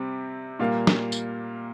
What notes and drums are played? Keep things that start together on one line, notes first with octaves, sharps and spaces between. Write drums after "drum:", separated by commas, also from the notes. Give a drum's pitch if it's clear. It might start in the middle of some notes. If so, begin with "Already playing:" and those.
Already playing: C3 G3 C4
A#2 G3 A#3 F5
drum: snare
drum: tambourine